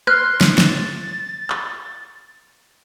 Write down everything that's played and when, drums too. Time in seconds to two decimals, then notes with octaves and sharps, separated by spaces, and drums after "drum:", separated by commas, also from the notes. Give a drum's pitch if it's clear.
0.07 C6 F6 F#6, drum: rim click
0.41 drum: snare
0.58 A6, drum: snare
1.50 drum: clap